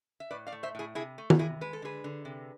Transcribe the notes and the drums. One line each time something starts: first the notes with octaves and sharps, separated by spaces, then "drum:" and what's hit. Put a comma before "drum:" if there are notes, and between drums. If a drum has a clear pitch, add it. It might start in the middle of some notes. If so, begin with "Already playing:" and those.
E5
A2 B4 D5
D5 F5
A3
C5 E5
A2 E4 G#4
C3 E4 G#4
A3
drum: tom D#3
C3 E4 G#4
G#3 B4
A4
D3 G#4 B4
D3
C3